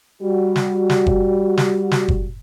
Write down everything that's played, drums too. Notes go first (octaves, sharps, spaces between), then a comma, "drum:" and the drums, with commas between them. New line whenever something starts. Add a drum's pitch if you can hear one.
G3 F#4
drum: snare
drum: snare
drum: kick F#1
drum: snare
drum: snare
drum: kick F#1